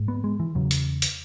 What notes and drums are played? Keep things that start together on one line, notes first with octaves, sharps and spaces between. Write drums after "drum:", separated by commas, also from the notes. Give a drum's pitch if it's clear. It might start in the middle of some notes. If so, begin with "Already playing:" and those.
Already playing: G#2
B3
G#3
E3
E2 C#3 F#3
drum: hi-hat
drum: hi-hat